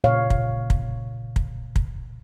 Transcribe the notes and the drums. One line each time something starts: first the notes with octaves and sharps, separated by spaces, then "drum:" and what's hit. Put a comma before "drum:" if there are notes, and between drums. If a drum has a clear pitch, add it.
A#2 C#3 C#5 F5
drum: kick
drum: kick
drum: kick
drum: kick